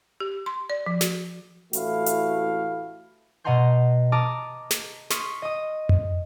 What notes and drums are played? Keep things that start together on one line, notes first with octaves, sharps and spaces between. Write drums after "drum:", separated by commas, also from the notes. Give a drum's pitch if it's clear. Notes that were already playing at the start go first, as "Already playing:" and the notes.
G4
C6
D5
F3
F#4, drum: snare
A1 A3 E4 F#4 F5, drum: hi-hat
drum: hi-hat
B2 D#5 F#5 A#5 C6 G6
A5 A#5 D6 D#6 F6 A#6
drum: snare
C6 C#6 D#6 F6 B6 C#7, drum: snare
D#5 D#6
drum: tom F2